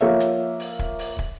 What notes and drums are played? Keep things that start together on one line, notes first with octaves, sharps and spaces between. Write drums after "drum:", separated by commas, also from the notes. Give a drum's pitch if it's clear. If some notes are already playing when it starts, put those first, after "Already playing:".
F3 A#3 C#5 E5
drum: hi-hat
drum: open hi-hat
drum: kick
drum: open hi-hat
drum: kick